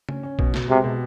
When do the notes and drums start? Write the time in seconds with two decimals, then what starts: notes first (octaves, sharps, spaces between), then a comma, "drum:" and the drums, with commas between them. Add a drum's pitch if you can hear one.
0.09 C#4, drum: tom C#3
0.23 C#4
0.39 B2, drum: kick A#1
0.54 B2, drum: snare
0.68 C3 G#3
0.84 B2